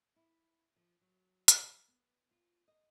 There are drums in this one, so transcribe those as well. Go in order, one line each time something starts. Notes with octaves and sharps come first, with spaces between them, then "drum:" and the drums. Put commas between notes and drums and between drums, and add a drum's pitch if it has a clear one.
E4
F3
F#3
drum: hi-hat
B3
F4
D#5